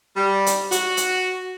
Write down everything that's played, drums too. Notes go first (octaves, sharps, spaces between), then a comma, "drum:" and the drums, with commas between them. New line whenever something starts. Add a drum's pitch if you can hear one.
G3
drum: hi-hat
F#4, drum: hi-hat
drum: hi-hat